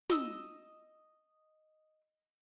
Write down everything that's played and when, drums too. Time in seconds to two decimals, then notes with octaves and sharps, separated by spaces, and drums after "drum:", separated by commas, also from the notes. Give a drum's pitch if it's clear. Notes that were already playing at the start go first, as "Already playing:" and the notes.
0.10 D#5 E6, drum: snare